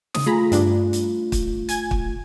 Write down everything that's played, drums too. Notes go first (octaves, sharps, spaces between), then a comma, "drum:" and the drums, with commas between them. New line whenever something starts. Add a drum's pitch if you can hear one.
C#3 D#6, drum: snare
A3 F4 G#4 A#5 B5
G2 D4, drum: hi-hat
drum: hi-hat
drum: kick, hi-hat
G#5 G#6, drum: hi-hat
drum: kick